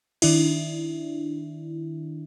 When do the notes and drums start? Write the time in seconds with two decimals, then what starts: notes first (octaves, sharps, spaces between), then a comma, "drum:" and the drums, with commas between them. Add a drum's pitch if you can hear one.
0.22 D#3 D4 E4, drum: cymbal